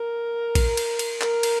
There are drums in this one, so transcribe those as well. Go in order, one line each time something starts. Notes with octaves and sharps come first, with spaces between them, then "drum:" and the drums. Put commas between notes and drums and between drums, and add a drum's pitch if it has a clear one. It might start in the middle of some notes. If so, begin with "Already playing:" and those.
Already playing: A#4
drum: kick, cymbal
drum: cymbal
drum: cymbal
A#4, drum: clap
drum: cymbal